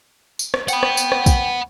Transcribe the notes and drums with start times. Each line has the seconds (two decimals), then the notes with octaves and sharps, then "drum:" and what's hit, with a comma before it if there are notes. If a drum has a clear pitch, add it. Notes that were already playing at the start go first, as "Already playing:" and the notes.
0.39 drum: tambourine
0.54 drum: rim click
0.68 F#5 G5 B5, drum: tambourine
0.83 drum: rim click
0.97 drum: tambourine
1.12 drum: rim click
1.26 drum: kick, tambourine